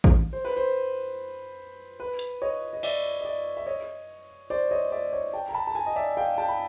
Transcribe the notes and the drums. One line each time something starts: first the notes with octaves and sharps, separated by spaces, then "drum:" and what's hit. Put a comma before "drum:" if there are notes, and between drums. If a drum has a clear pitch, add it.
drum: kick A1
C5
B4
C5
B4
drum: hi-hat
C#5 D#5
D#5
D5 E5, drum: cymbal
D#5
D5 E5
E5
C#5 D#5
C5 D5
C#5 D#5
D5 E5
C#5 D#5
G5 A5
A#5
A5 B5
A5
G#5 A#5
D#5
D5 E5
F5 G5
G5 A5
B5